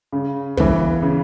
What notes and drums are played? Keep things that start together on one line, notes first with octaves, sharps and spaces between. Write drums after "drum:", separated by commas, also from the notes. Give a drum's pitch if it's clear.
C#3
E3 B3, drum: kick
C#3